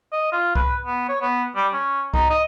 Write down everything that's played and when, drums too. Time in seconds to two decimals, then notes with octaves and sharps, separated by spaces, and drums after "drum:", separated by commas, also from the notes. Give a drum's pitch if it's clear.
0.12 D#5
0.32 F4
0.55 B4, drum: kick C2
0.86 B3
1.09 C#5
1.21 B3
1.56 G3
1.73 C#4
2.14 D#4, drum: kick C2
2.30 D#5